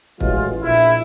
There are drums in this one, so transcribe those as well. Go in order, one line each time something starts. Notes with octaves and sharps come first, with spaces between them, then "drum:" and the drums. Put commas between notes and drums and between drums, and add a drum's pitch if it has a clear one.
A1 E3 F#3 G#3 F4, drum: kick
A#1 A#2 E4